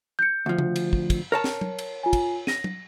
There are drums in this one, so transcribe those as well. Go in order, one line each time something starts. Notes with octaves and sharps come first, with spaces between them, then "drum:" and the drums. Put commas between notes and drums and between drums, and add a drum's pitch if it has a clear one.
G6 C#7
D2 F3
drum: tom C#3
drum: cymbal
drum: kick
drum: kick, cymbal
A#4 C#5 A5
drum: snare
drum: tom
drum: cymbal
F4 G#5
drum: kick, cymbal
A#6 D#7, drum: snare
drum: tom